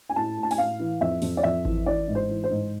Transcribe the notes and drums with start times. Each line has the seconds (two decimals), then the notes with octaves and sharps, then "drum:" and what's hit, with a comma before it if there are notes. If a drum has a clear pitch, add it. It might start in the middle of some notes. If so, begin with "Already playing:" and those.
0.09 G#5
0.16 A2 A5
0.37 A2
0.43 A5
0.51 G#5, drum: open hi-hat
0.58 A2 F5
0.80 E3
1.01 F2 E5
1.22 F2, drum: open hi-hat
1.37 D5
1.43 F2 E5
1.65 E3, drum: kick G#1
1.86 E3 D5
2.08 G#2
2.15 C5
2.29 E3
2.44 C5
2.50 G#2